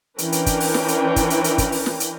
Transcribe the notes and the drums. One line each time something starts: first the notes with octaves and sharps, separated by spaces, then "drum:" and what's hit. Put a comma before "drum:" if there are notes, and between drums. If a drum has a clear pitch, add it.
E3 C#4 D4 A#4 B4 G5, drum: hi-hat
drum: hi-hat
drum: kick, hi-hat
drum: open hi-hat
drum: snare
drum: hi-hat
drum: kick, hi-hat
drum: hi-hat
drum: hi-hat
drum: kick, hi-hat
drum: open hi-hat
drum: snare
drum: hi-hat